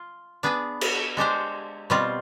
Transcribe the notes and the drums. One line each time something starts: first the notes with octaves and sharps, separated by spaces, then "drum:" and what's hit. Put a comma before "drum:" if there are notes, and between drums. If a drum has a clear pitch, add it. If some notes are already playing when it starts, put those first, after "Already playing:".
Already playing: F4
B3 D4 G#4 B4
drum: cymbal
G#3 D4 G4 C5
B2 G3 C4 F4